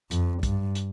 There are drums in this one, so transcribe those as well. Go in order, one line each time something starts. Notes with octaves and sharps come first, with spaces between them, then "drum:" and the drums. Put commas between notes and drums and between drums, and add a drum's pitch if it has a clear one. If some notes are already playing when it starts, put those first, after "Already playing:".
F2, drum: hi-hat
G2, drum: kick, hi-hat
drum: hi-hat